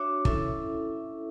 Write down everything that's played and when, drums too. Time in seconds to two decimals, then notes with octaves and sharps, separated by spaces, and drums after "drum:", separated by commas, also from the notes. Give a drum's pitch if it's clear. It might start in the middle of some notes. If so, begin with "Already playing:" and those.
Already playing: D4 F#4 C#5 E5 D6
0.25 C#4 E4 A4 E5, drum: kick